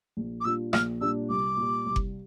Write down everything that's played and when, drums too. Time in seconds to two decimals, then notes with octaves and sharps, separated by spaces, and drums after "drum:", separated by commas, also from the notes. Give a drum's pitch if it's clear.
0.17 A#1
0.40 D6
0.44 A#2 G3 D4 F4 E6
0.73 A#1 F6, drum: rim click
1.01 A#2 G3 D4 F4 E6
1.29 C2 D6
1.57 A#2 G3
1.86 C2
1.96 drum: kick F#1